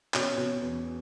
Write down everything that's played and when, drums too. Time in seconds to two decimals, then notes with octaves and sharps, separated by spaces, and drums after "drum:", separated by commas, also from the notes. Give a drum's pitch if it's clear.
0.14 B2 C#4, drum: clap
0.38 B2
0.62 E2